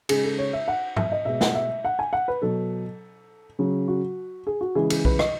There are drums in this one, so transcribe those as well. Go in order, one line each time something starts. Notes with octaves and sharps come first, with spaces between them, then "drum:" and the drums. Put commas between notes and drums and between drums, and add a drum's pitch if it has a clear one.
C#3 G#3 G#4, drum: cymbal
A4
C#5
E5
F#5
E5, drum: tom G#2
D#5
B2 G#3 E5
F#5, drum: snare
E5
F#5
G#5
F#5
B4
B2 F#3 A4
C#3 F#3
F#4
G#4
F#4
C#3 E3 G#3 G#4
G#4, drum: cymbal
B4, drum: kick B1
D#5, drum: rim click